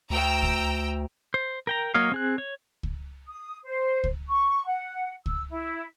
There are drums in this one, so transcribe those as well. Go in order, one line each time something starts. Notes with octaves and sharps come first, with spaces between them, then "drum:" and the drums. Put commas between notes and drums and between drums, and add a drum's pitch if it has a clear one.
D2 G5 A#5 E6
drum: kick C#2
C5
A#4 G5 A#5
F#3 A#3 C#5 D#5 F5
C4 G#4 F#6
C#5
drum: kick C#2
D#6
C5
drum: kick C#2
C#6
F#5
E6, drum: kick C#2
E4